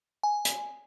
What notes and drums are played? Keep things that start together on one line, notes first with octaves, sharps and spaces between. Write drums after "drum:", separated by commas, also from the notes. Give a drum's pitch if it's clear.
G#5
drum: hi-hat